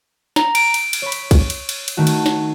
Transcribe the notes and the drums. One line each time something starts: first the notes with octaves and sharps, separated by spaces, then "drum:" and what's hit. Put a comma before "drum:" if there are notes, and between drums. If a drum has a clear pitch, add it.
A#5, drum: snare
D7, drum: cymbal
drum: cymbal
drum: cymbal
C#5 B5
drum: cymbal
drum: kick, cymbal
drum: cymbal
drum: cymbal
drum: cymbal
D#3 A3 F#4
drum: cymbal
drum: snare